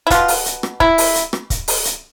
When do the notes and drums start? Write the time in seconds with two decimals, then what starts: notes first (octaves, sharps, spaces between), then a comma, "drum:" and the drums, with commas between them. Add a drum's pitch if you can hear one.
0.07 E4
0.10 B2 B3 F4, drum: kick C#1, hi-hat
0.28 drum: open hi-hat
0.46 drum: hi-hat
0.63 drum: rim click
0.80 E4, drum: kick C#1
0.98 drum: open hi-hat
1.15 drum: hi-hat
1.33 drum: rim click
1.50 drum: kick C#1, hi-hat
1.68 drum: open hi-hat
1.85 drum: hi-hat